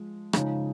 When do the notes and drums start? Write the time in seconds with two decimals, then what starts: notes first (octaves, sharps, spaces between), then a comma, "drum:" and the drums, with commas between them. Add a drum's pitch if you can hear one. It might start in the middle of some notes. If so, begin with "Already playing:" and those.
Already playing: F3 G#3
0.33 C#3 F3 G#3 D#4, drum: rim click